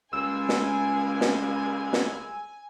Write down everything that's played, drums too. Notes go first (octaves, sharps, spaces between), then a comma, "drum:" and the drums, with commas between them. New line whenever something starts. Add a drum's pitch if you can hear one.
C#2 G3 G#3 A#3 G#5 E6
drum: snare
drum: snare
drum: snare